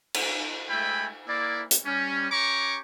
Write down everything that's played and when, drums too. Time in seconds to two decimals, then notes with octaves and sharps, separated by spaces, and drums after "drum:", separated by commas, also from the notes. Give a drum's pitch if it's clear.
0.14 drum: cymbal
0.70 G#3 A3 E5 G5 G#5 B5
1.27 A#3 E4 D5
1.71 drum: hi-hat
1.85 G3 C#4
2.31 C#4 G4 C#5 A#5 C#6 D6